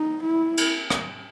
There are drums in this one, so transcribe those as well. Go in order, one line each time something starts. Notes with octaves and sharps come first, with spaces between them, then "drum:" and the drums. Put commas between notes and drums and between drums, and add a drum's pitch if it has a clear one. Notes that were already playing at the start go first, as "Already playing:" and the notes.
Already playing: D#4
E4
drum: cymbal
drum: rim click